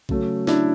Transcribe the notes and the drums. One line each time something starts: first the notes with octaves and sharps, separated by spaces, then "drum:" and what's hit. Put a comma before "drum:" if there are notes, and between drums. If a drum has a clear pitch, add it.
C#3 F#3 A3 C#4, drum: kick A#1
D4 E4, drum: snare